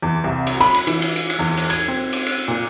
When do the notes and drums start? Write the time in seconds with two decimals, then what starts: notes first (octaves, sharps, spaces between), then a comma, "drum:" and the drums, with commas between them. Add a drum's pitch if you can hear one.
0.02 E2
0.24 C2
0.47 drum: cymbal
0.60 B5, drum: cymbal
0.74 drum: cymbal
0.87 E3, drum: cymbal
1.02 drum: cymbal
1.16 drum: cymbal
1.30 drum: cymbal
1.39 E2
1.57 drum: cymbal
1.70 G#6, drum: cymbal
1.88 C4
2.13 drum: cymbal
2.26 drum: cymbal
2.48 A#2